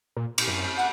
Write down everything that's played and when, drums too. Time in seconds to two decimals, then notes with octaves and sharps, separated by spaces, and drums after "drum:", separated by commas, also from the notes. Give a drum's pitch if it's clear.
0.16 A#2
0.38 drum: cymbal
0.47 F#2
0.77 F#5